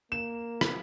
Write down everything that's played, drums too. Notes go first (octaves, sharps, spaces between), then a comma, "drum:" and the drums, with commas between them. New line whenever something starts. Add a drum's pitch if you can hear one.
A#3 E7
drum: rim click